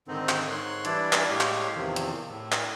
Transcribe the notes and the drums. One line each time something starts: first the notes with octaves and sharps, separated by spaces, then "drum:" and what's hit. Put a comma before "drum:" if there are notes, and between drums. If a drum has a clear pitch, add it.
G#2 D3 D#3 C4 D#4
drum: clap
G#2 C#5 C6 F#6
E3 G3 D4 E4 D5, drum: hi-hat
drum: clap
A2 G#3 G4 C#5 F5
drum: clap
E2 C3 D#3 F3
drum: hi-hat
A2
drum: clap